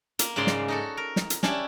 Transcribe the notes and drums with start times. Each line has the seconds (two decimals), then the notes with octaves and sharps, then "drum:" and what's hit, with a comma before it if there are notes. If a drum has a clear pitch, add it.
0.19 A#3, drum: hi-hat
0.36 G#2 C#3 G#3 D5 C6
0.47 drum: snare
0.68 D#4 F#4 A4
0.97 A#4
1.16 drum: snare
1.30 drum: hi-hat
1.43 C#4 D4 E4 G4, drum: snare